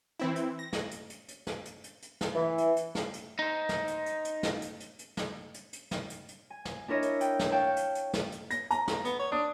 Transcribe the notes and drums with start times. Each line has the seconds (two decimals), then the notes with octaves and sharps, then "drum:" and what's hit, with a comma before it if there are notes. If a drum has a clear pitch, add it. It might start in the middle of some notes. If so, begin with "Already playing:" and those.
0.20 E3 C4 E4
0.36 drum: hi-hat
0.59 A#6
0.73 drum: snare
0.91 drum: hi-hat
1.10 drum: hi-hat
1.28 drum: hi-hat
1.47 drum: snare
1.65 drum: hi-hat
1.84 drum: hi-hat
2.02 drum: hi-hat
2.21 drum: snare
2.35 E3
2.58 drum: hi-hat
2.76 drum: hi-hat
2.95 drum: snare
3.13 drum: hi-hat
3.39 D#4 C5
3.69 drum: snare
3.88 drum: hi-hat
4.06 drum: hi-hat
4.25 drum: hi-hat
4.43 drum: snare
4.62 drum: hi-hat
4.80 drum: hi-hat
4.99 drum: hi-hat
5.17 drum: snare
5.54 drum: hi-hat
5.73 drum: hi-hat
5.91 drum: snare
6.10 drum: hi-hat
6.28 drum: hi-hat
6.50 G#5
6.65 drum: snare
6.88 D4 E4 A#4 C#5 D#5 E5
7.02 drum: hi-hat
7.21 G5, drum: hi-hat
7.39 drum: snare
7.52 C#5 F5 G5 A5
7.76 drum: hi-hat
7.95 drum: hi-hat
8.13 drum: snare
8.32 drum: hi-hat
8.51 A#6, drum: hi-hat
8.71 A#5, drum: hi-hat
8.88 drum: snare
9.05 B3, drum: hi-hat
9.20 C#5
9.32 D4 D#6